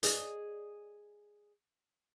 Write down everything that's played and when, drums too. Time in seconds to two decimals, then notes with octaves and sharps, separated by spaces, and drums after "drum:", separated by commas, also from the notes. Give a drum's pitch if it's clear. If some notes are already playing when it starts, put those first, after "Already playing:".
0.03 G#4 D5 D#5, drum: hi-hat